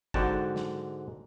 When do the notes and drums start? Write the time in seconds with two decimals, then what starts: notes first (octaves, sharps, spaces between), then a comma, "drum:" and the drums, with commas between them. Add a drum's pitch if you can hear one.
0.14 G#2 D3 F#4 G5 A5, drum: kick
0.56 drum: snare